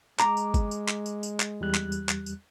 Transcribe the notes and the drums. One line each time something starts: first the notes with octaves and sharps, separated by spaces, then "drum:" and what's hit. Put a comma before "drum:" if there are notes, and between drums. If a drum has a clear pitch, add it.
G#3 A#5 D6, drum: clap
drum: tambourine
drum: kick G1, tambourine
drum: tambourine
drum: clap
drum: tambourine
drum: tambourine
drum: clap
E2 G3 F#6
drum: clap
drum: tambourine
drum: clap
drum: tambourine